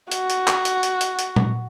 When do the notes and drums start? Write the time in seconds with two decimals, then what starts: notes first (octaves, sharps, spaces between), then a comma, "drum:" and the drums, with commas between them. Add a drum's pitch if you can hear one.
0.12 F#4, drum: hi-hat
0.30 drum: hi-hat
0.47 drum: clap
0.65 drum: hi-hat
0.83 drum: hi-hat
1.01 drum: hi-hat
1.19 drum: hi-hat
1.36 drum: tom A#2